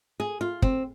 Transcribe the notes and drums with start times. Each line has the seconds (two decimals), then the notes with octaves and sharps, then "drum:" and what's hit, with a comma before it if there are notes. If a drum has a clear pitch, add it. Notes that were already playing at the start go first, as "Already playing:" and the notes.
0.20 G#4
0.41 F4
0.62 C4, drum: kick